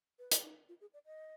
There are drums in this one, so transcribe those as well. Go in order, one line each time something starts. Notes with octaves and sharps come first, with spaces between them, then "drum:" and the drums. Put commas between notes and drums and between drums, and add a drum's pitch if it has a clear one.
B4
drum: hi-hat
D#4
F4
G#4
D5
D#5